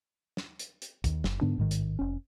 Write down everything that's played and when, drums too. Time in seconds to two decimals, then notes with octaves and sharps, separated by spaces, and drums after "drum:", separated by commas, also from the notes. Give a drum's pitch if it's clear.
0.37 drum: snare
0.59 drum: hi-hat
0.82 drum: hi-hat
1.04 D#2, drum: kick, hi-hat
1.24 F#1, drum: snare
1.41 G#2 D3 B3 D4
1.58 A1 G#2 D#3
1.71 drum: hi-hat
1.99 F1 C#4